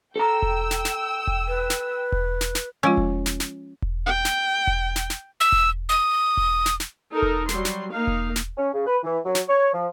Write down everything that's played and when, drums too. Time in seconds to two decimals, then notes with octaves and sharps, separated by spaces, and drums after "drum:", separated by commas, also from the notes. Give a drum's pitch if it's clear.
0.16 A4 G5 A#5 E6
0.42 drum: kick E1
0.71 drum: snare
0.85 drum: snare
1.27 drum: kick E1
1.48 B4
1.70 drum: snare
2.12 drum: kick E1
2.41 drum: snare
2.55 drum: snare
2.83 F3 G#3 C#4 F4
2.97 drum: kick E1
3.26 drum: snare
3.40 drum: snare
3.82 drum: kick E1
4.06 G5
4.25 drum: snare
4.67 drum: kick E1
4.96 drum: snare
5.10 drum: snare
5.40 E6
5.52 drum: kick E1
5.89 D#6
6.37 drum: kick E1
6.66 drum: snare
6.80 drum: snare
7.11 D#4 A4 A#4
7.22 drum: kick E1
7.49 F#3 G3 C6, drum: snare
7.65 drum: snare
7.91 A#3 D#4 F5
8.07 drum: kick E1
8.36 drum: snare
8.57 C#4
8.74 C#3
8.87 B4
9.04 E3
9.25 F#3
9.35 drum: snare
9.49 C#5
9.74 F3